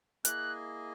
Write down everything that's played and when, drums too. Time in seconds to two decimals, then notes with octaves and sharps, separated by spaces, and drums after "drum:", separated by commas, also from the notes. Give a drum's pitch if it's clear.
0.25 A#3 E4 G#4 D#5 G#5 F#6, drum: hi-hat